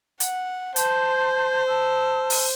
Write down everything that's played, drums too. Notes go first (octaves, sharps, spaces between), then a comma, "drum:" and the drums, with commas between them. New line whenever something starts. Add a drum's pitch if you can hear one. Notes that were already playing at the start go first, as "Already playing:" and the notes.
F#5, drum: hi-hat
C5 A5 C6 G6, drum: hi-hat
A5 E6
drum: open hi-hat